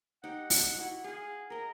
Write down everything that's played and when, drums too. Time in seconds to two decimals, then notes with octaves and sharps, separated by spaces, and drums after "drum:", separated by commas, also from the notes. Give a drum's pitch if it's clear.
0.24 D#4 G4 F#5
0.50 drum: open hi-hat
0.78 E4 F#4
1.04 G#4 F5 F#5
1.50 G#4 A#4 D#5